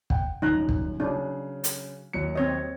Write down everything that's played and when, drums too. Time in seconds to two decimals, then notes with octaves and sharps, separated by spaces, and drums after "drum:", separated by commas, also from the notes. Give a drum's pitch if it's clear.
0.10 F#5 G5, drum: kick
0.42 D#1 F#2 D#4 A#5 F#6
0.69 drum: kick
1.00 C#3 F#3 D4
1.64 drum: hi-hat
2.13 D#2 F#3 C#7
2.35 C4 C#5 D#5